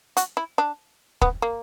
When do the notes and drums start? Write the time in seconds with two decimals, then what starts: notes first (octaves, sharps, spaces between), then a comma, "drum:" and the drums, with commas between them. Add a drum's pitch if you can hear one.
0.17 F#4, drum: hi-hat
0.37 E4
0.58 D4
1.22 B3, drum: kick
1.42 A#3